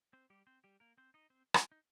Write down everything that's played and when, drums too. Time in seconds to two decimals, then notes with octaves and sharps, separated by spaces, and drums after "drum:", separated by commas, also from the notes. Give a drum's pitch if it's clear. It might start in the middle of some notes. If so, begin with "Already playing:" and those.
0.13 C4 C5
0.30 G3 G4
0.47 C4 C5
0.64 G3 G4
0.80 A#3 A#4
0.98 C4 C5
1.14 D#4 D#5
1.30 C4 C5
1.54 drum: rim click
1.72 D#4